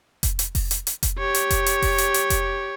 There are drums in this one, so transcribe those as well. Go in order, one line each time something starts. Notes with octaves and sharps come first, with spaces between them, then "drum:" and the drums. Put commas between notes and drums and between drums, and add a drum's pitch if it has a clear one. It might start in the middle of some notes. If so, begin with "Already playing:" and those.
drum: kick F1, hi-hat
drum: hi-hat
drum: kick F1, open hi-hat
drum: hi-hat
drum: hi-hat
drum: kick F1, hi-hat
G4 C#5
drum: hi-hat
drum: kick F1, hi-hat
drum: hi-hat
drum: kick F1, open hi-hat
drum: hi-hat
drum: hi-hat
drum: kick F1, hi-hat